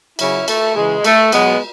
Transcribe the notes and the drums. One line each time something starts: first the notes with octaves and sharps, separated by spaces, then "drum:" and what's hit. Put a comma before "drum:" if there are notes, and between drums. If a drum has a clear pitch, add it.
C#3 F#3 C#4 E4, drum: cymbal
A3, drum: cymbal
C#3 E3 G#3
A3, drum: cymbal
B2 F#3 G#3 B3, drum: cymbal